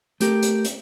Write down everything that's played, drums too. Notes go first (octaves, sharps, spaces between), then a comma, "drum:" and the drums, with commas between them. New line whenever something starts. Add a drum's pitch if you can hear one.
A3 G4 A#4, drum: hi-hat
drum: hi-hat
drum: hi-hat